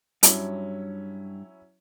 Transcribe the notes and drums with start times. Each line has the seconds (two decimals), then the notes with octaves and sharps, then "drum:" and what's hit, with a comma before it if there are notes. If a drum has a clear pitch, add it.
0.23 G2 F#3 C#4 E4, drum: hi-hat